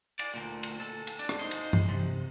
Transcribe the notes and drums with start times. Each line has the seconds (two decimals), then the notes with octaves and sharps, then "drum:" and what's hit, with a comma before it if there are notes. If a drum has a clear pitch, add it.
0.19 D5, drum: cymbal
0.34 D2 A#2
0.63 drum: cymbal
0.80 A4
1.07 drum: cymbal
1.19 D4
1.29 drum: rim click
1.39 D#4 C5
1.51 drum: cymbal
1.73 drum: tom G2
1.89 C3